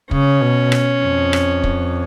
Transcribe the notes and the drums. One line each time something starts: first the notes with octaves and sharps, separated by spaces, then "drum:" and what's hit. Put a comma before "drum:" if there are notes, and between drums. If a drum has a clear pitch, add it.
C#3 C#4, drum: kick
B2
drum: rim click
F2
drum: rim click
drum: kick